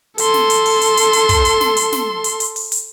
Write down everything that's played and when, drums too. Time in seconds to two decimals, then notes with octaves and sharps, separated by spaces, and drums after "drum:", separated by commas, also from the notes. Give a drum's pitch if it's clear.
0.18 A4 C6, drum: hi-hat
0.34 drum: snare
0.50 drum: hi-hat
0.66 drum: open hi-hat
0.81 drum: hi-hat
0.97 drum: hi-hat
1.13 drum: hi-hat
1.29 drum: kick, hi-hat
1.45 drum: hi-hat
1.61 drum: snare
1.77 drum: hi-hat
1.92 drum: snare
2.24 drum: hi-hat
2.40 drum: hi-hat
2.56 drum: open hi-hat
2.72 drum: hi-hat